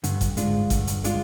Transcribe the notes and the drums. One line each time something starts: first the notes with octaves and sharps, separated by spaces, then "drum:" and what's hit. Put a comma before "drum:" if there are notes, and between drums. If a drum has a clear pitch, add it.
G2 D3, drum: hi-hat
drum: kick G1, hi-hat
G#2 G#3 D4 F4, drum: hi-hat
G2 D3, drum: kick G1, hi-hat
drum: hi-hat
G#3 D4 F4, drum: hi-hat